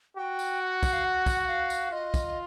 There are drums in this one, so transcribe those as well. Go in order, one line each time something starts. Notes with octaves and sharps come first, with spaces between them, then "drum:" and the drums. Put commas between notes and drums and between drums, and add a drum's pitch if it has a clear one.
F#4 G5
drum: tambourine
F#5
drum: kick, tambourine
F5
F#5
drum: kick, tambourine
F#5
F5
drum: tambourine
F4 D#5
drum: kick, tambourine